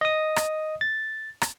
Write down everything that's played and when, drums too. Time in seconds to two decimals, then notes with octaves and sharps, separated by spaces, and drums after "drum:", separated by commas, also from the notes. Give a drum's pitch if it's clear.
0.01 D#5 D#6
0.36 drum: rim click
0.81 A6
1.42 drum: rim click